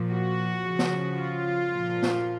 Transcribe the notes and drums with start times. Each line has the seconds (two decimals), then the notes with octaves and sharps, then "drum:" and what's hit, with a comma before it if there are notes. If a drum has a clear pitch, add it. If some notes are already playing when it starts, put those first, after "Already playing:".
Already playing: A#2 F3
0.11 F#4
0.63 C#3 F3
0.79 drum: snare
1.17 F4
1.70 A#2 F3
2.02 drum: snare